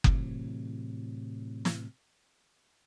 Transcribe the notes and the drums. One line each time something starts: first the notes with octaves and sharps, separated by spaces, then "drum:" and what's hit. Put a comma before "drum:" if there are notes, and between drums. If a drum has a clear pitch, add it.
A2 C3 E3 F#3, drum: kick F#1
drum: snare